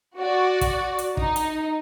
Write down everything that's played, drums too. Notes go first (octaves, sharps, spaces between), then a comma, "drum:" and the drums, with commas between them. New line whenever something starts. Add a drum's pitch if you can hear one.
F#4 D5
drum: kick, hi-hat
drum: hi-hat
D#4, drum: kick
drum: hi-hat